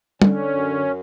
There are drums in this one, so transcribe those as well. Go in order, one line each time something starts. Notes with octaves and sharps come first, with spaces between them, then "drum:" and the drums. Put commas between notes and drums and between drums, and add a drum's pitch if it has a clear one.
D3 C#4, drum: tom
F#2